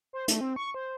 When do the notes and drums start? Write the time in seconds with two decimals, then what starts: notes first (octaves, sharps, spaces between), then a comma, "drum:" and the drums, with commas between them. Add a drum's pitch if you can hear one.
0.13 C5
0.28 A3, drum: hi-hat
0.41 C4
0.56 C#6
0.74 C5